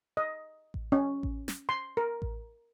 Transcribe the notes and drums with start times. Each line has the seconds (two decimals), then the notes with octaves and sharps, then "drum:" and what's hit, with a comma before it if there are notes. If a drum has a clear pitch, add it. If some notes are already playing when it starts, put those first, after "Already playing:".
0.17 D#5
0.74 drum: kick A1
0.92 C#4
1.23 drum: kick A1
1.48 drum: snare
1.69 C6
1.97 A#4
2.22 drum: kick A1